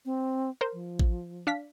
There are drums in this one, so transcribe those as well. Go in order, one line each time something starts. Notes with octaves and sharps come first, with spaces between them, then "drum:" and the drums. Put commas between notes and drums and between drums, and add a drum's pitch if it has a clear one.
C4
A#4 C5
F3
drum: kick A1
D4 F5 B6